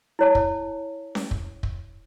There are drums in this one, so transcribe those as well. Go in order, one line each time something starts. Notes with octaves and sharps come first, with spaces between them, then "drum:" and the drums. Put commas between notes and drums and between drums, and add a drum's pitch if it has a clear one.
E4 C#5 A5
drum: kick
drum: snare C#4
drum: kick
drum: kick